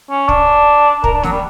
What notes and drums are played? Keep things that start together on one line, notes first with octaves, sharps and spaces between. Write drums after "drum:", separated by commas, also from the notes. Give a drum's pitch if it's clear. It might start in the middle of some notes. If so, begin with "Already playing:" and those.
C#4
D4, drum: kick
A#4, drum: kick
D4
F#3, drum: snare
G3